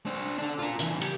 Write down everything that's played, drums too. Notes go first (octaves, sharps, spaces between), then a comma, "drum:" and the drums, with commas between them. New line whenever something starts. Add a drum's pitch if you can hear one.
D4 C5
D4 A4
F4 A#4
C#3 E3, drum: hi-hat
G4, drum: cymbal